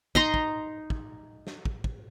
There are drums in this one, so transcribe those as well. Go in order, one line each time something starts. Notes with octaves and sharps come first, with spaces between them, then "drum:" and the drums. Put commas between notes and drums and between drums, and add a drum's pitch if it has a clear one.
D#4 A#5 C6, drum: kick
drum: kick
drum: kick
drum: snare
drum: kick
drum: kick